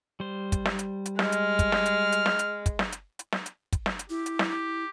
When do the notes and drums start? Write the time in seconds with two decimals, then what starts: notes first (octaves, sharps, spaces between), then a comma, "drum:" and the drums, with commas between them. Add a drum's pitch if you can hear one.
0.20 G3 C5
0.52 drum: kick, hi-hat
0.65 drum: snare
0.79 drum: hi-hat
1.06 drum: hi-hat
1.19 G#3 F6, drum: snare
1.32 drum: hi-hat
1.59 drum: kick, hi-hat
1.72 drum: snare
1.86 drum: hi-hat
2.12 drum: hi-hat
2.26 drum: snare
2.39 drum: hi-hat
2.66 drum: kick, hi-hat
2.79 drum: snare
2.92 drum: hi-hat
3.19 drum: hi-hat
3.32 drum: snare
3.46 drum: hi-hat
3.73 drum: kick, hi-hat
3.86 drum: snare
3.99 drum: hi-hat
4.10 E4 G4
4.26 drum: hi-hat
4.39 drum: snare
4.48 G4